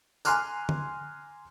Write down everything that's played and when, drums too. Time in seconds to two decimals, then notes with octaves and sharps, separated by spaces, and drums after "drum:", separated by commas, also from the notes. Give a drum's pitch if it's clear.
0.25 G#5 A#5 C6 D6 F6 F#6, drum: tambourine
0.69 drum: tom D3